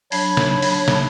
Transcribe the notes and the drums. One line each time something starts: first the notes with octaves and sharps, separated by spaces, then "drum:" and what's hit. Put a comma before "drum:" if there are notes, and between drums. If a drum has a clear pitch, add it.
F#3 D4 C#5 B5, drum: open hi-hat
drum: snare
drum: open hi-hat
drum: snare